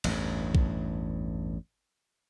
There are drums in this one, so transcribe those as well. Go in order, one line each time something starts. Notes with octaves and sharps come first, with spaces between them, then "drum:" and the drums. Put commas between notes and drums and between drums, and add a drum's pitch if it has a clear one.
A1 E2 G2, drum: cymbal
drum: kick B1